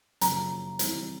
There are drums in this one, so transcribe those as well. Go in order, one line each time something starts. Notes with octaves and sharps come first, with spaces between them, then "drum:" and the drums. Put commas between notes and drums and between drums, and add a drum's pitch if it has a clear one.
F#2 C#3 F3 A#3 A#5, drum: hi-hat
E3 G3 C4, drum: hi-hat